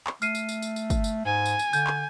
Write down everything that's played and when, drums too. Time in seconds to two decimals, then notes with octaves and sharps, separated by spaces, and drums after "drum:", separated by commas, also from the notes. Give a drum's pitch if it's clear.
0.07 drum: clap
0.22 A3 F6 C7 D#7, drum: tambourine
0.35 drum: tambourine
0.49 drum: tambourine
0.62 drum: tambourine
0.76 drum: tambourine
0.90 drum: kick, tambourine
1.04 drum: tambourine
1.25 G#2 G#5
1.45 drum: tambourine
1.59 drum: tambourine
1.73 D3 G6, drum: tambourine
1.87 drum: clap